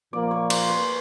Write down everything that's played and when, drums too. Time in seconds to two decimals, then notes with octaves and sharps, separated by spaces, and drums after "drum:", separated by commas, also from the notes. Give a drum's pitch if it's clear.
0.13 A#2 F3 A#3 D5
0.31 C#5
0.50 C5, drum: cymbal
0.69 B4